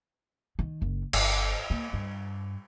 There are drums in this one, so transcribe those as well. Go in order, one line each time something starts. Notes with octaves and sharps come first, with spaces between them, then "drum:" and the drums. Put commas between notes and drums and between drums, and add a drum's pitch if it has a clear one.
D#3
F#1
G1, drum: cymbal
A#3
G2